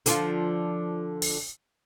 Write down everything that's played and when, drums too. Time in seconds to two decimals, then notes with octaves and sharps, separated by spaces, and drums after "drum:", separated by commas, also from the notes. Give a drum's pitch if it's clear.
0.06 D3 F3 F4, drum: hi-hat
1.22 drum: open hi-hat